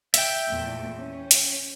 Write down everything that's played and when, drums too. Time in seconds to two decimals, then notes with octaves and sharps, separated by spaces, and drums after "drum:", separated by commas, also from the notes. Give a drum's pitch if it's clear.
0.14 E5 G5, drum: hi-hat
0.48 E2 A#2 A3
0.97 C#4
1.31 drum: hi-hat